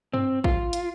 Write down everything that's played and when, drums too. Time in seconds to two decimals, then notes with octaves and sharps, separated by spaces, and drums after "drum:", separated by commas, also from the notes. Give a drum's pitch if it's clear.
0.14 C4, drum: tom G2
0.44 F4, drum: kick
0.73 drum: hi-hat